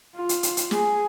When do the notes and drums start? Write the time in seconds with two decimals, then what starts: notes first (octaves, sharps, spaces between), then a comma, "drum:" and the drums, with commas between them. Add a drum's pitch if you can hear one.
0.15 F4
0.29 drum: hi-hat
0.43 drum: hi-hat
0.57 drum: hi-hat
0.71 G#4, drum: snare